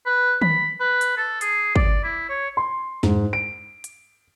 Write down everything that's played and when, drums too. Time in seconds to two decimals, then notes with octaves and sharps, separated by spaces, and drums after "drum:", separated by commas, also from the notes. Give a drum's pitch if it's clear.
0.06 B4
0.42 B5, drum: tom D#3
0.80 B4
1.01 drum: hi-hat
1.17 A4
1.41 G#4, drum: hi-hat
1.76 D5, drum: kick
2.04 E4
2.29 C#5
2.57 C6
3.03 G#2, drum: snare
3.33 D7
3.84 drum: hi-hat